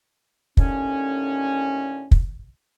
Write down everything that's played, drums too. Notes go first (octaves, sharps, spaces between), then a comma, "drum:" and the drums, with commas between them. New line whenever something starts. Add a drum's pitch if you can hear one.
D#2 A2 D3 C#4, drum: kick
drum: kick